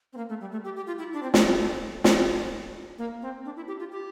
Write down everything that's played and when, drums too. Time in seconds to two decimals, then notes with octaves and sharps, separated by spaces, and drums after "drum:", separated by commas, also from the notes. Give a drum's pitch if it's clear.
0.13 C4
0.17 A#3
0.29 A3
0.41 G3
0.52 A3
0.64 G4
0.76 G4
0.87 F4
0.98 E4
1.13 D4
1.23 C4
1.34 A3, drum: snare
1.46 G3
1.58 A3
2.04 drum: snare
2.98 A#3
3.22 C4
3.45 D4
3.56 E4
3.68 G4
3.79 F4
3.91 G4